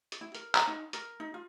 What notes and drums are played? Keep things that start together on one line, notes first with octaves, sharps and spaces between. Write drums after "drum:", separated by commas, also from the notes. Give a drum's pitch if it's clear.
drum: hi-hat
E4
A#4, drum: hi-hat
A#5, drum: clap
D#4
A#4, drum: hi-hat
D#4
F4